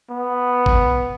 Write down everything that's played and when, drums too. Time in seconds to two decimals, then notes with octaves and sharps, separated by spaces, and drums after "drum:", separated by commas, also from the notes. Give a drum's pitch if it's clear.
0.10 B3
0.66 drum: kick G#1